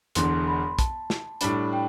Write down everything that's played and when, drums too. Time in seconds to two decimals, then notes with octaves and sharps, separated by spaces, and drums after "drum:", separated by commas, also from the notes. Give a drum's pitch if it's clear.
0.15 E1 E2 D3 C6, drum: hi-hat
0.47 B5
0.79 A5, drum: kick, hi-hat
1.10 drum: snare
1.41 A2 G3 D4 B5, drum: hi-hat
1.73 G5